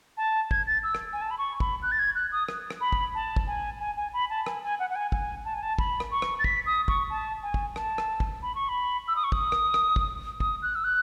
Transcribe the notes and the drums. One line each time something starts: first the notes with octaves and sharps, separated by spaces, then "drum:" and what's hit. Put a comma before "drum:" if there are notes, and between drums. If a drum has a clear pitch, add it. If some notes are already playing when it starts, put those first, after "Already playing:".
A5
G#6, drum: kick
A6
E6
drum: rim click
G#5
A5
B5
C#6
B5, drum: kick
F#6
A6
G#6
F#6
D#6
drum: rim click
drum: rim click
B5
drum: kick
A5
drum: kick
G#5
G#5
G#5
B5
A5
G#5, drum: rim click
G#5
F#5
F#5
G#5
G#5, drum: kick
A5
G#5
A5
B5, drum: kick
drum: rim click
C#6
drum: rim click
A6
B6, drum: kick
D#6
C#6, drum: kick
A5
G#5
drum: kick
A5, drum: rim click
drum: rim click
drum: kick
B5
C#6
B5
E6
D#6
C#6
D#6, drum: kick
drum: rim click
drum: rim click
drum: kick
D#6, drum: kick
F#6
E6
F#6